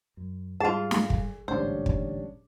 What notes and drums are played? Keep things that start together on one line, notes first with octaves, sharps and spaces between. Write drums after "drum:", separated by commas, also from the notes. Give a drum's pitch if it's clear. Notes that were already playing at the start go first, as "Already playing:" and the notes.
F#2
G#2 G3 F4 G#4 F#5 A5
drum: snare
drum: kick
A1 D2 G#2 G3 C#4 D4 C5
drum: kick